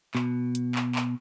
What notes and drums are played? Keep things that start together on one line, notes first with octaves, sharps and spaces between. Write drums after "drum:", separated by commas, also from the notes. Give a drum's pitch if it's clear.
B2, drum: clap
drum: hi-hat
drum: clap
drum: clap